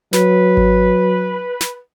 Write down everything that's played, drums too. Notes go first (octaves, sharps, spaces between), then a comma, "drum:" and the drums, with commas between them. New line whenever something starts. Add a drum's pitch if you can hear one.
F#3 B4, drum: snare
drum: kick G#1
drum: snare